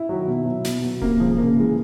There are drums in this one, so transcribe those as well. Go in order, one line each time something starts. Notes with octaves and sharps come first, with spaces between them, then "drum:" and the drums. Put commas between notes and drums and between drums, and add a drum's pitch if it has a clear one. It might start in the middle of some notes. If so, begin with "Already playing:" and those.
Already playing: E4
D#3 F#3
B2
F#3
B2, drum: snare
F#3
C3 A#3, drum: kick D1
F3 G#3
C#3 A#3
E3 G#3